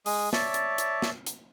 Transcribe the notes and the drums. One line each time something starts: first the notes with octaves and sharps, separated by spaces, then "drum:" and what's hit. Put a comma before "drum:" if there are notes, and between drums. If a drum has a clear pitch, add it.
G#3 G#4 D#6, drum: open hi-hat
C#5 D5 E5 A5, drum: snare
drum: hi-hat
drum: hi-hat
drum: snare
drum: hi-hat